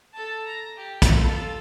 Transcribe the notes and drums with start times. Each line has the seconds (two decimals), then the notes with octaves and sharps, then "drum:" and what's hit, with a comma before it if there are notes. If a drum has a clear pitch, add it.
0.13 A4 A5
0.47 A#5
0.76 G4
1.02 drum: kick, hi-hat
1.15 F4 A4